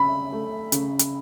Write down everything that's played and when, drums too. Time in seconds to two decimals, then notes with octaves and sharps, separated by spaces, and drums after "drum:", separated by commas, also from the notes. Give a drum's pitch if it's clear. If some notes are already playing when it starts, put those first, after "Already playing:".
Already playing: C#3 B5
0.32 A3
0.72 C#3, drum: hi-hat
0.99 drum: hi-hat